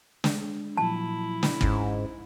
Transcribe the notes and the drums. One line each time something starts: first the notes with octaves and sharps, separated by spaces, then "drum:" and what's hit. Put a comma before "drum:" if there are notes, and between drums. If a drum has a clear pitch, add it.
G#3 D4, drum: snare
A#2 F3 F#3 E4 A5
drum: snare
G#2 C#4, drum: kick